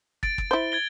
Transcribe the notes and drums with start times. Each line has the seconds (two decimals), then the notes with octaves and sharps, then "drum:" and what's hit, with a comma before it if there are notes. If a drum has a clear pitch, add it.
0.23 A6 D7, drum: kick
0.38 drum: kick
0.51 E4 C5 G7
0.72 G#6 A6 G7